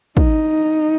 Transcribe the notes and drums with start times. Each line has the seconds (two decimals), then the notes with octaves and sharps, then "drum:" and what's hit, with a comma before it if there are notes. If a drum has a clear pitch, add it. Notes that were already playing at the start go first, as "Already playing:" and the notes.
0.17 D#4, drum: kick